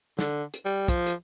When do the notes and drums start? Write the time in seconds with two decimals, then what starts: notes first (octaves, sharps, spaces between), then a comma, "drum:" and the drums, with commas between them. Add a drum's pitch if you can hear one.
0.19 D3, drum: snare
0.54 drum: hi-hat
0.65 G3
0.88 F3, drum: kick, hi-hat
1.07 drum: hi-hat